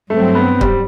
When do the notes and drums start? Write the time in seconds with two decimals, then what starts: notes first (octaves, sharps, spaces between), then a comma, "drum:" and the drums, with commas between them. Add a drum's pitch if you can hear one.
0.10 G2 F#3 A3 C4
0.35 B3
0.61 G3, drum: kick